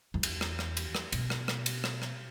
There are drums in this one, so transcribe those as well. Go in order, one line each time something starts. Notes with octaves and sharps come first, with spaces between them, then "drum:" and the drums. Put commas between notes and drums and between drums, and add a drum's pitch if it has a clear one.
E2
drum: cymbal
drum: rim click
drum: rim click
drum: cymbal
drum: rim click
B2, drum: cymbal
drum: rim click
drum: rim click
drum: cymbal
drum: rim click
drum: rim click